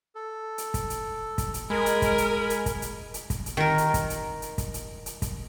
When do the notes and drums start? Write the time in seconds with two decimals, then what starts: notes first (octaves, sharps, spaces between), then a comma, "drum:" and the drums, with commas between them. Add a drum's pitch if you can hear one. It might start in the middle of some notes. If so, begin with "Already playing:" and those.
0.15 A4
0.58 drum: hi-hat
0.74 drum: kick, hi-hat
0.90 drum: hi-hat
1.38 drum: kick, hi-hat
1.54 drum: hi-hat
1.70 G#3 A#4 G#5 B5
1.86 drum: hi-hat
2.02 drum: kick, hi-hat
2.18 drum: hi-hat
2.50 drum: hi-hat
2.66 drum: kick, hi-hat
2.82 drum: hi-hat
3.14 drum: hi-hat
3.30 drum: kick, hi-hat
3.46 drum: hi-hat
3.57 D#3 A#4
3.78 drum: hi-hat
3.94 drum: kick, hi-hat
4.10 drum: hi-hat
4.42 drum: hi-hat
4.58 drum: kick, hi-hat
4.74 drum: hi-hat
5.06 drum: hi-hat
5.22 drum: kick, hi-hat